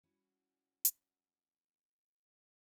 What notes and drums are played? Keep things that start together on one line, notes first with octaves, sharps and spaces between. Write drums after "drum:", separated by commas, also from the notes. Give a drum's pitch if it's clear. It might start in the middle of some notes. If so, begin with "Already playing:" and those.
G3 C#4 E4 F#4 F#5 G#5
drum: hi-hat